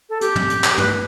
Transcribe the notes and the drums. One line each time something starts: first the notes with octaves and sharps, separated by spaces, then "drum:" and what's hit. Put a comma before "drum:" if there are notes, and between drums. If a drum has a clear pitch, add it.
A4
G4, drum: hi-hat
drum: tom
drum: hi-hat
drum: clap
B4, drum: tom